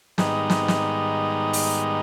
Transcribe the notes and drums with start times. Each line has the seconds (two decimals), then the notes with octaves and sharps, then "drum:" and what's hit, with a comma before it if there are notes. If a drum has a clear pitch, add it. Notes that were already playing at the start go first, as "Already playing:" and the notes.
0.18 G#2 D#3 G3 B3 D#4, drum: snare
0.50 drum: snare
0.68 drum: snare
1.53 drum: open hi-hat